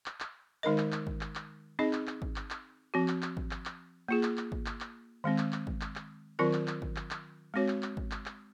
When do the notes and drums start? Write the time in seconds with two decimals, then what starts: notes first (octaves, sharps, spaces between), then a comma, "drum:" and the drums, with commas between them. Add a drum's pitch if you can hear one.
0.06 drum: clap
0.20 drum: clap
0.63 D#3 G#3 D#4 A#4 D#5
0.78 drum: clap
0.92 drum: clap
1.07 drum: kick
1.21 drum: clap
1.35 drum: clap
1.79 C4 D#4 G#4 D#5
1.93 drum: clap
2.07 drum: clap
2.22 drum: kick
2.36 drum: clap
2.50 drum: clap
2.94 F3 C4 F#4
3.08 drum: clap
3.22 drum: clap
3.37 drum: kick
3.51 drum: clap
3.66 drum: clap
4.08 A#3 F4 G#4
4.23 drum: clap
4.37 drum: clap
4.52 drum: kick
4.66 drum: clap
4.81 drum: clap
5.24 D#3 G#3 C4
5.38 drum: clap
5.53 drum: clap
5.67 drum: kick
5.81 drum: clap
5.96 drum: clap
6.39 D#3 F#3 C4 F4 A#4
6.53 drum: clap
6.68 drum: clap
6.82 drum: kick
6.96 drum: clap
7.11 drum: clap
7.54 G#3 C4 F#4 C#5
7.68 drum: clap
7.83 drum: clap
7.97 drum: kick
8.11 drum: clap
8.26 drum: clap